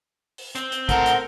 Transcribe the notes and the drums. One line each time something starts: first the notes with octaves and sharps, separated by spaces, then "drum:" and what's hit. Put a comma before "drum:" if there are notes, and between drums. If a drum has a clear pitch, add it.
drum: open hi-hat
C4, drum: hi-hat
drum: hi-hat
A2 A4 A#4 F#5 A#5, drum: kick, hi-hat
drum: hi-hat